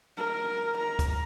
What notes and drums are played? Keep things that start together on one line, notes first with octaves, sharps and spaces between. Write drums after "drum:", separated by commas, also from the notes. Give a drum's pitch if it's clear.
A#4
A#5
drum: kick, hi-hat